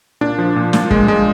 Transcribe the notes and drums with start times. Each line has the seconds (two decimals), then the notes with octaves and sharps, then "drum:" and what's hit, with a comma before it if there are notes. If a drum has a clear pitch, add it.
0.21 A#2 D4
0.38 F3
0.56 A#2
0.73 A#2, drum: snare
0.91 G#3, drum: kick
1.08 G#3